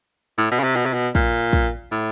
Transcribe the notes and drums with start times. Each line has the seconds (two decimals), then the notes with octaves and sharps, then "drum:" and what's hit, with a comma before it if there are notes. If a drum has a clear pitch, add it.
0.38 A2, drum: tambourine
0.51 B2
0.60 C#3
0.64 C3
0.76 B2
0.86 C3
0.93 B2
1.15 A#2, drum: kick, tambourine
1.53 drum: kick
1.92 A2, drum: tambourine